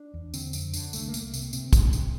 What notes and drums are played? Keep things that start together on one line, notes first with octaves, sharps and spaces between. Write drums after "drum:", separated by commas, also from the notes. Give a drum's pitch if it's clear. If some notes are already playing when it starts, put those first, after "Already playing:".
Already playing: D4
E2
D3 C4, drum: tambourine
F2, drum: tambourine
D3, drum: tambourine
C2 A3, drum: tambourine
A#3
C2, drum: tambourine
A#3
C3, drum: tambourine
C3 C4, drum: tambourine
C3, drum: kick, tambourine
C3, drum: tambourine